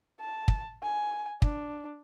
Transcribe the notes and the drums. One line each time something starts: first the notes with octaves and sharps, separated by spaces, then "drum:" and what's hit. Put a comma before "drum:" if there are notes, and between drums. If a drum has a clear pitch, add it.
A5
drum: kick
G#5
D4, drum: kick